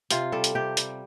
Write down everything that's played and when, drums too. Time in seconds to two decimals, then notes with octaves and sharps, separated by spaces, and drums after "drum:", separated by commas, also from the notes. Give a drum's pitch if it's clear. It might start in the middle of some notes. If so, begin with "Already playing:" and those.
0.10 C3 F4, drum: hi-hat
0.32 G3 A4
0.44 drum: hi-hat
0.55 C3 G4
0.77 G3, drum: hi-hat